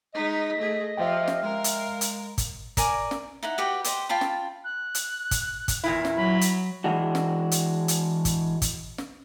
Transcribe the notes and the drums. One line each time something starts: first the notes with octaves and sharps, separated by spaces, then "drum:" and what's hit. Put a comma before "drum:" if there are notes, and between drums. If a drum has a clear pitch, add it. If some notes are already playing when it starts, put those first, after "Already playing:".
G#3 D#4 D#5 B6
A3 G#4
F3 G4 E5 F5 G5
drum: snare
G#3 A#4
drum: hi-hat
drum: hi-hat
drum: kick, hi-hat
A#4 D5 G#5 A#5, drum: kick, hi-hat
drum: snare
D#4 E4 F#5
F#4 G4 B4 G5
G4 C5 D#5, drum: hi-hat
F4 G5 A5 B5
drum: snare
F#6
drum: hi-hat
drum: kick, hi-hat
drum: kick, hi-hat
E2 A#2 E4
drum: snare
F#3 B5
drum: hi-hat
E3 G#3 D4 F#4
drum: snare
drum: hi-hat
drum: hi-hat
drum: kick, hi-hat
drum: kick, hi-hat
drum: snare